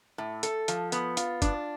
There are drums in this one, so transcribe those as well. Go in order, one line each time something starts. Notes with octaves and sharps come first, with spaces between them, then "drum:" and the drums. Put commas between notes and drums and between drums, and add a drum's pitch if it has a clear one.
A2
A4, drum: hi-hat
F3, drum: hi-hat
B3, drum: hi-hat
F4, drum: hi-hat
D4, drum: kick, hi-hat